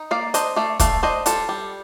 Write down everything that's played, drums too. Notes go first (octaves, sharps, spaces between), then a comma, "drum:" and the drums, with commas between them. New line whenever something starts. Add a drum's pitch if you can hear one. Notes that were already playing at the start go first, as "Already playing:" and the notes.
Already playing: D#4
A#3 D5 F5
D4 C5 D#5, drum: hi-hat
A3 D5 F5
A3 D5 F5, drum: kick, hi-hat
D4 C5 D#5
G3 F4 A4, drum: hi-hat
G3